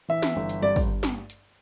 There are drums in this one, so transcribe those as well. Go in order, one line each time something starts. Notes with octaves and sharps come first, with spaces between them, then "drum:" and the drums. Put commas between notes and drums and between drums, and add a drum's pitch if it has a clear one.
E3 E5
drum: snare
G1
drum: hi-hat
G2 D5
drum: kick, open hi-hat
drum: snare
drum: hi-hat